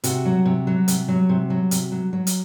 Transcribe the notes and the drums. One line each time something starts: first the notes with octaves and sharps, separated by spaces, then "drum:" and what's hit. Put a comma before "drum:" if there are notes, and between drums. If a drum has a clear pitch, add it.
C3 F#4, drum: hi-hat
F#3
C3
F#3
C3, drum: hi-hat
F#3
C3
F#3
C3, drum: hi-hat
F#3
F#3
drum: hi-hat